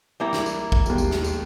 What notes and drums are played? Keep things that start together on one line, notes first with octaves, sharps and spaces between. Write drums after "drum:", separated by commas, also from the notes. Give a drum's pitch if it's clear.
G3 A#3 E4
drum: snare
drum: tambourine
drum: kick G#1
E1 D#2, drum: tambourine
drum: tambourine
drum: snare
drum: tambourine